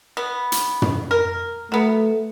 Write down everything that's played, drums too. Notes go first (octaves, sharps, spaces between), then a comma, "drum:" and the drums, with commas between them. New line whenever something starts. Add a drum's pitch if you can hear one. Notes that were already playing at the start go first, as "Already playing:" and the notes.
B3
drum: hi-hat
drum: tom
A#4
F#3 A3 B3